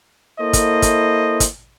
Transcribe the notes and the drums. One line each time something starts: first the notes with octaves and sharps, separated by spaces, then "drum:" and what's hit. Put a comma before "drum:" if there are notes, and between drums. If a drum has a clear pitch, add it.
A#3 E4 A4 C5 D#5
drum: kick, hi-hat
drum: kick, hi-hat
drum: kick, hi-hat